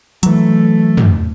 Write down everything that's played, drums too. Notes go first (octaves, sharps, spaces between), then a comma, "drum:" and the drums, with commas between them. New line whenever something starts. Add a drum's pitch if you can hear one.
E3 F#3 A3, drum: hi-hat
drum: tom